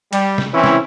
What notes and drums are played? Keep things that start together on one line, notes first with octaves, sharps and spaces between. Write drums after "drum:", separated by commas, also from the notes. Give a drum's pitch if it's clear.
G3, drum: cymbal
drum: snare
E3 C4 C#4 E4
drum: snare